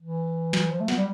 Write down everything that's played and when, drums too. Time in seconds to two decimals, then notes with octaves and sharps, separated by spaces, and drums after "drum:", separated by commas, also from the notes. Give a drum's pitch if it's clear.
0.01 E3
0.53 drum: snare
0.71 F3
0.80 A3
0.88 B3, drum: snare
0.97 G3